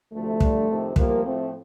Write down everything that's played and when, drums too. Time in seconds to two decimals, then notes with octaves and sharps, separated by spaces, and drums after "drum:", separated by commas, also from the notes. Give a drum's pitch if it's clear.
0.12 D2 C3 F3 A3
0.40 G2 D3 F3, drum: kick
0.68 F2 C3 D#3
0.96 A2 F3 G3 A#3, drum: kick
1.24 A2 F3 A3 C4